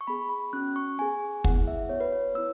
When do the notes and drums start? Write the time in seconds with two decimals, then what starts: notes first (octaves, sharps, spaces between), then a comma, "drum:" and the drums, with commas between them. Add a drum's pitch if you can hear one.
0.01 C#6
0.07 B3 G#4 B5
0.29 B5
0.53 C#4 F#4 F#6
0.76 C#6
0.98 B3 G#4 G#5
1.44 B3 E4 G#4 F#5, drum: kick
1.68 E5
1.89 B3 F#4 C#5
2.00 B4
2.12 C#5
2.35 B3 E4 E6